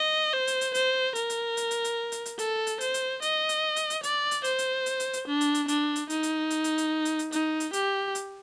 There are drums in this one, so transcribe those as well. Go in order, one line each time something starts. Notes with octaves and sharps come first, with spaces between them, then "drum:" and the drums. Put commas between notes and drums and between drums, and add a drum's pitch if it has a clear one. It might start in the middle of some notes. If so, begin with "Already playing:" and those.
Already playing: D#5
C5
drum: hi-hat
drum: hi-hat
C5, drum: hi-hat
A#4, drum: hi-hat
drum: hi-hat
drum: hi-hat
drum: hi-hat
drum: hi-hat
drum: hi-hat
drum: hi-hat
A4, drum: hi-hat
drum: hi-hat
C5, drum: hi-hat
drum: hi-hat
D#5, drum: hi-hat
drum: hi-hat
drum: hi-hat
drum: hi-hat
D5, drum: hi-hat
drum: hi-hat
C5, drum: hi-hat
drum: hi-hat
drum: hi-hat
drum: hi-hat
drum: hi-hat
D4
drum: hi-hat
drum: hi-hat
D4, drum: hi-hat
drum: hi-hat
D#4, drum: hi-hat
drum: hi-hat
drum: hi-hat
drum: hi-hat
drum: hi-hat
drum: hi-hat
drum: hi-hat
D#4, drum: hi-hat
drum: hi-hat
G4, drum: hi-hat
drum: hi-hat